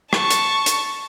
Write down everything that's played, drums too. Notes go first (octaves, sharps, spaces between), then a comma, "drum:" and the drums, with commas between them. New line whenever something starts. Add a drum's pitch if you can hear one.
A5 C#6, drum: rim click
drum: hi-hat
drum: hi-hat